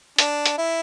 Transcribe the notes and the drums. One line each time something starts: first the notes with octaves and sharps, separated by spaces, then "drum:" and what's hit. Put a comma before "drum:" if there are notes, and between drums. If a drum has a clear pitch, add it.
D4, drum: hi-hat
drum: hi-hat
E4